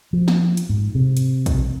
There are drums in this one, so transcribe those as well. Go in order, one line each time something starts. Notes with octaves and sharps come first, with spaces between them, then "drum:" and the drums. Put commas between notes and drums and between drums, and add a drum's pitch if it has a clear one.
F3
drum: snare
drum: hi-hat
G#2
C3
drum: hi-hat
drum: kick, hi-hat